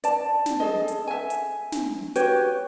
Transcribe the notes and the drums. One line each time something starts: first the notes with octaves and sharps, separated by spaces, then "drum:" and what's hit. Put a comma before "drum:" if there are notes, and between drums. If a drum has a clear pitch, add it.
D5 A5, drum: hi-hat
drum: snare
G#4 A4 D#5
drum: hi-hat
E5 G#5
drum: hi-hat
drum: snare
F#4 G4 B4 C#5, drum: hi-hat